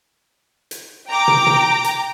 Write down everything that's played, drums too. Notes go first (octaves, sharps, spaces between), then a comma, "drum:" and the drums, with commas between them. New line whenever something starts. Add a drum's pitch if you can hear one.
drum: hi-hat
G5 A#5 D6
drum: tom
drum: tom
drum: hi-hat